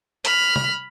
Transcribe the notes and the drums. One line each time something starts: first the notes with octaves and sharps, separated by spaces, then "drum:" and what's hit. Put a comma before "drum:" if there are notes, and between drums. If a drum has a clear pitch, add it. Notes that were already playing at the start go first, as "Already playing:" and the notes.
B5 F6, drum: hi-hat
drum: tom